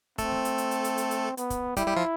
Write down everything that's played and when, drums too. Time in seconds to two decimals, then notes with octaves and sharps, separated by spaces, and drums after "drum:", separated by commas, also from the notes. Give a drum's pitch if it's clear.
0.18 A3 C4 A4, drum: kick, hi-hat
0.32 drum: snare
0.45 drum: hi-hat
0.58 drum: hi-hat
0.71 drum: hi-hat
0.84 drum: hi-hat
0.98 drum: hi-hat
1.11 drum: hi-hat
1.37 B3, drum: hi-hat
1.50 drum: kick, hi-hat
1.76 G3 E4 G4, drum: kick, hi-hat
1.86 G3 G4
1.97 F3 F4